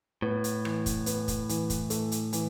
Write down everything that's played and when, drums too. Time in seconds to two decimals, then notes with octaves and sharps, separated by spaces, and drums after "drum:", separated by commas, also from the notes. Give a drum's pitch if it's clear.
0.22 A2 B3
0.44 drum: hi-hat
0.65 E3, drum: rim click
0.86 drum: kick, hi-hat
1.06 B3, drum: hi-hat
1.28 drum: kick, hi-hat
1.49 E3, drum: hi-hat
1.70 drum: kick, hi-hat
1.90 A3, drum: hi-hat
2.12 drum: hi-hat
2.33 E3, drum: hi-hat